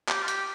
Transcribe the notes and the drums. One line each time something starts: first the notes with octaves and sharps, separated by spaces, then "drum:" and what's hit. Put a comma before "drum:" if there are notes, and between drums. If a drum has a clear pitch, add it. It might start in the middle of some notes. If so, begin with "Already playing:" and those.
G4, drum: clap
F4
G4, drum: hi-hat